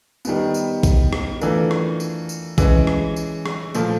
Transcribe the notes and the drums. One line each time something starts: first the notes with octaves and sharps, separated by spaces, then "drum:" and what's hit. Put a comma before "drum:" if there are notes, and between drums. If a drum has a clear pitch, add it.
D#3 G3 B3, drum: tambourine
drum: tambourine
drum: kick A#1, tambourine
drum: rim click
E3 A3 D4 F4 A#4, drum: tambourine
drum: rim click
drum: tambourine
drum: tambourine
E3 G#3 C#4, drum: kick A#1, tambourine
drum: rim click
drum: tambourine
drum: rim click
A#2 F3 A3, drum: tambourine